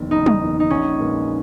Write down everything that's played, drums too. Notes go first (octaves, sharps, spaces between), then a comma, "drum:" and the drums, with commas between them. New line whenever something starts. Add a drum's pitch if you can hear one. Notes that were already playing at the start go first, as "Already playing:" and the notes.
Already playing: F#1 E2 D#3
F#1 D#4
drum: tom
E2 D#3
D#4
A#1 C#4
A#2 G#3 B3